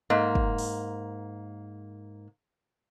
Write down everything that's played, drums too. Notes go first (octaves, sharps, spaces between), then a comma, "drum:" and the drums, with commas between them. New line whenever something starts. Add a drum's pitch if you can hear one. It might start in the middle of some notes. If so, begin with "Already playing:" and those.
G#2 A#3
drum: kick
drum: open hi-hat